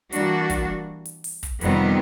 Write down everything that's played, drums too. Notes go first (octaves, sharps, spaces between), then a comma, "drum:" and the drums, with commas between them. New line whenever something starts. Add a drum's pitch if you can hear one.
E3 G3 A#3 D4 F#4, drum: hi-hat
drum: kick, hi-hat
drum: hi-hat
drum: open hi-hat
drum: kick, hi-hat
F2 C3 D#3 G3 B3, drum: hi-hat